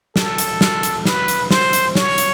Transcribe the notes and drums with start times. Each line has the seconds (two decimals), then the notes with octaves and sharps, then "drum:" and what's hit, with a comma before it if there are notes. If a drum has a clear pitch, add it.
0.16 A4, drum: snare
0.38 drum: hi-hat
0.61 drum: snare
0.83 drum: hi-hat
1.05 B4, drum: snare
1.28 drum: hi-hat
1.51 C5, drum: snare
1.73 drum: hi-hat
1.95 C#5, drum: snare
2.18 drum: hi-hat